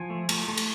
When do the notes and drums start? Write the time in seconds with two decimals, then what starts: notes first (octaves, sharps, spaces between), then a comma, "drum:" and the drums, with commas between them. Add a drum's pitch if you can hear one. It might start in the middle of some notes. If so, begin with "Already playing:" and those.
Already playing: F3 G#5
0.10 A3
0.29 A3, drum: cymbal
0.48 A3
0.57 drum: cymbal